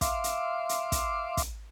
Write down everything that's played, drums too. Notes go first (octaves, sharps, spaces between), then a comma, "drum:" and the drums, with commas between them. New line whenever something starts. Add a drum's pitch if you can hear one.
E5 F5 C6 D6, drum: kick, hi-hat
drum: hi-hat
drum: hi-hat
drum: kick, hi-hat
drum: kick, hi-hat